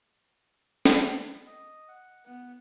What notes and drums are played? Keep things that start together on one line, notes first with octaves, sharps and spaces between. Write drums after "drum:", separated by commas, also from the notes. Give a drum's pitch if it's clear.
drum: snare
D#5
F#5
B3 F#5